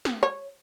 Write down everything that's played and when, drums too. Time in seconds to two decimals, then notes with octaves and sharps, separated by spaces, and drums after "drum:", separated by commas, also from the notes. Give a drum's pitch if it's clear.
0.05 drum: snare
0.23 C#5